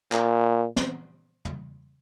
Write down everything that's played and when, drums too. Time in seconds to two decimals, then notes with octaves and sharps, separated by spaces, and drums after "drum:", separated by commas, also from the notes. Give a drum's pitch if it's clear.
0.12 A#2, drum: clap
0.76 drum: snare
1.45 drum: tom